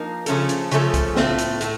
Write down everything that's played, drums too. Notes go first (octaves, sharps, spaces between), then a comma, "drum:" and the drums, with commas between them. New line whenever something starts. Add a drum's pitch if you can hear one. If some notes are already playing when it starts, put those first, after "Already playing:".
Already playing: F3 A#3 D#4 A#4
C#3 F3 A3 C#4 A4, drum: hi-hat
drum: hi-hat
C#3 F3 A3 C#4 A4, drum: hi-hat
drum: kick C2, hi-hat
A2 A3 C4 F4, drum: snare
drum: hi-hat
A2 A3, drum: hi-hat